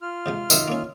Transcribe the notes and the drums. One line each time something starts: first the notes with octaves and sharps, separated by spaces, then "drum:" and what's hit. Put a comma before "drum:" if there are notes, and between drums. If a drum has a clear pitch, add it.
F4 F6
G#2 C3 F3
F#2 C3 D#3 D#5 E5, drum: tambourine
A#3 C#4